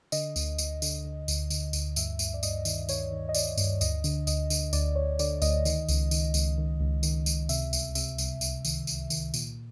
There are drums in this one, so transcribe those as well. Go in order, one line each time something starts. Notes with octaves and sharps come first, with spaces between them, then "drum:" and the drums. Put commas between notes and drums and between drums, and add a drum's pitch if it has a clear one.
D3 D#5, drum: tambourine
D2, drum: tambourine
D2, drum: tambourine
D3, drum: tambourine
D3
D2, drum: tambourine
D3, drum: tambourine
D2, drum: tambourine
G2 E5, drum: tambourine
G2, drum: tambourine
D5
G2 D#5, drum: tambourine
D#3, drum: tambourine
D#3 C#5, drum: tambourine
D#3
D#5
D#3 D5, drum: tambourine
G2, drum: tambourine
D2 D#5, drum: tambourine
D3, drum: tambourine
D2 D#5, drum: tambourine
D3, drum: tambourine
D2 D5, drum: tambourine
D2 C#5
D3 D5, drum: tambourine
D2 D#5, drum: tambourine
D#3, drum: tambourine
C#2, drum: tambourine
D#3, drum: tambourine
C#2, drum: tambourine
D#3
C#2
D#3, drum: tambourine
C#2, drum: tambourine
C3 E5, drum: tambourine
C2, drum: tambourine
C3 E5, drum: tambourine
C2, drum: tambourine
C2, drum: tambourine
D#3, drum: tambourine
C2, drum: tambourine
D#3, drum: tambourine
A#2, drum: tambourine